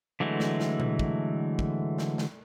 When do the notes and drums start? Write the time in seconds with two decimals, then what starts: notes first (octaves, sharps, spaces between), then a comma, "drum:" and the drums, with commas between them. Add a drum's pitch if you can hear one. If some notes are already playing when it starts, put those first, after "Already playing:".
0.20 D3 E3 F#3 G#3 A3
0.40 drum: snare
0.60 drum: snare
0.80 drum: tom B2
0.99 drum: kick
1.59 drum: kick
1.98 drum: snare
2.18 drum: snare